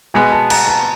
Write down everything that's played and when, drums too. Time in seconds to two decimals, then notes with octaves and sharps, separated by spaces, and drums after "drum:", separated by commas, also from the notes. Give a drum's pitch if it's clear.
0.14 B2 G#3 B3 G#5
0.32 A5
0.50 A#5, drum: cymbal
0.68 A5